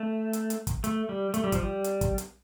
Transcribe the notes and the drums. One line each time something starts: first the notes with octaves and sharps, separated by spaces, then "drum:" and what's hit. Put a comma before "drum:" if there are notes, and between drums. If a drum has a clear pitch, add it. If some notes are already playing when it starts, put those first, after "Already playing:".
Already playing: A3
drum: hi-hat
drum: hi-hat
drum: kick, hi-hat
A3, drum: hi-hat
G3
A3, drum: hi-hat
G3
F3, drum: kick, hi-hat
G3
drum: hi-hat
drum: kick, hi-hat
drum: hi-hat